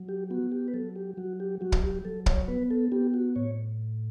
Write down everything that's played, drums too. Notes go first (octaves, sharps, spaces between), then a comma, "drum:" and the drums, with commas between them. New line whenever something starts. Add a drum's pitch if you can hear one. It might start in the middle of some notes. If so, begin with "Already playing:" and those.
Already playing: F#3
G4
B3 F#4
G4
B4
F#3 A4
G4
F#3 F#4
G4
F#3 F#4
drum: kick
G4
F#3 A4
C#5, drum: kick
B3 B4
A4
B3 G4
F#4
A2 C#5